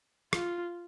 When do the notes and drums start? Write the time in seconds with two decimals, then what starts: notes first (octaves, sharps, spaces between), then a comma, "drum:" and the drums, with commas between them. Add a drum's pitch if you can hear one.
0.33 F4, drum: rim click